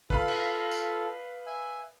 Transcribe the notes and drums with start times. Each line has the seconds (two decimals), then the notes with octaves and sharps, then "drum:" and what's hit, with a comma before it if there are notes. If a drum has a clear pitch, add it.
0.10 F4 A4 B4 F5 B5, drum: kick
0.28 drum: cymbal
0.71 drum: tambourine
1.46 E5 G#5